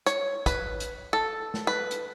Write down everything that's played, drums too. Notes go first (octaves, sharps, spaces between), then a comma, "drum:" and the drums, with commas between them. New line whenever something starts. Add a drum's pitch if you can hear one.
C#5, drum: hi-hat
B4, drum: kick, hi-hat
drum: hi-hat
A4
drum: snare
B4
drum: hi-hat